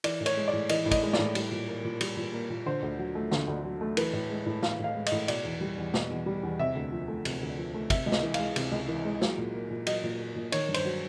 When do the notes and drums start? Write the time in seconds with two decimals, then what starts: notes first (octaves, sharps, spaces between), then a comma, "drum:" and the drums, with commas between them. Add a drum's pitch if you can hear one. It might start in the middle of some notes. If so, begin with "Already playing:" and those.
0.04 E3 D5, drum: cymbal
0.20 A2
0.26 C#5, drum: cymbal
0.37 G#3
0.48 D5
0.53 A2
0.69 E3 D#5, drum: cymbal
0.86 A2
0.91 D#5, drum: kick, cymbal
1.03 G#3
1.13 D5, drum: snare
1.19 A2
1.35 G3, drum: cymbal
1.51 A#2
1.68 A#3
1.85 A#2
2.01 G3, drum: cymbal
2.17 A#2
2.33 A#3
2.50 A#2
2.66 D3 C5
2.83 D2
2.99 F#3
3.15 A3
3.31 D3, drum: snare
3.48 D2
3.64 F#3
3.81 A3
3.97 E3 B4, drum: cymbal
4.13 A2
4.30 G#3
4.46 A2
4.63 E3 F5, drum: snare
4.79 A2 F5
4.95 G#3
5.06 D#5, drum: cymbal
5.12 A2
5.28 B2 D5, drum: cymbal
5.45 E2
5.61 G3
5.77 E2
5.94 B2, drum: snare
6.10 E2
6.26 G3
6.43 E2
6.59 C3 E5
6.75 D2
6.92 F3
7.08 A3
7.25 C3, drum: cymbal
7.41 D2
7.58 F3
7.74 A3
7.90 C3 E5, drum: kick, cymbal
8.06 C#2
8.12 D#5, drum: snare
8.23 E3
8.34 F5, drum: cymbal
8.39 G#3
8.56 C3, drum: cymbal
8.72 C#2
8.88 E3
9.05 G#3
9.21 F#3, drum: snare
9.38 A#2
9.54 A#3
9.71 A#2
9.86 F#3 D#5, drum: cymbal
10.04 A#2
10.20 A#3
10.36 A#2
10.52 D#3 C#5, drum: cymbal
10.69 G2
10.74 C5, drum: cymbal
10.85 F#3